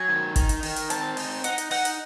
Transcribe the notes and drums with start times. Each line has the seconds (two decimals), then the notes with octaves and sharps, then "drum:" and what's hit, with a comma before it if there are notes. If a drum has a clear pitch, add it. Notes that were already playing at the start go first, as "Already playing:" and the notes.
Already playing: F#3 G#5
0.08 D#3
0.36 D#4, drum: kick G1, hi-hat
0.49 drum: hi-hat
0.63 D#3, drum: open hi-hat
0.76 drum: hi-hat
0.90 C4 A5, drum: hi-hat
1.17 D#4, drum: open hi-hat
1.44 D#4 F#5, drum: hi-hat
1.58 drum: hi-hat
1.71 D#4 F#5, drum: open hi-hat
1.85 drum: hi-hat